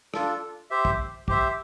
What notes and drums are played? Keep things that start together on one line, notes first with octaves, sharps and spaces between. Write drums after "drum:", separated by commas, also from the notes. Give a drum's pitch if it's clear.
D4 F4 A4, drum: rim click
G4 C5 E5
drum: kick
G4 C5 E5, drum: kick